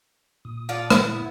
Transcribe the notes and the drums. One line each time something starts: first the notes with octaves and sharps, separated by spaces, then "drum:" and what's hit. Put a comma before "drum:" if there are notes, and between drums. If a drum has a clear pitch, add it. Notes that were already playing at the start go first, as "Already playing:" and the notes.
A#2 D#6
F4 A4 D5
B3 E4, drum: rim click